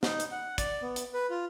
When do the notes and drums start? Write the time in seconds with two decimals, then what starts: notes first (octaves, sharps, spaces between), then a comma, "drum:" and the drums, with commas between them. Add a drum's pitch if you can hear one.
0.03 D#4, drum: snare
0.20 drum: hi-hat
0.32 F#5
0.58 D5, drum: kick, hi-hat
0.82 B3
0.96 drum: hi-hat
1.14 B4
1.30 F4